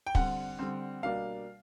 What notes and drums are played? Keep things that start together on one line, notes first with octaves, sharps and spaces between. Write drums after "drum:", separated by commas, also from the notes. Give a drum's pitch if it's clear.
G5
D3 G3 C4 F#5, drum: kick
D3 G3 C4
B2 G3 A#3 D4 F5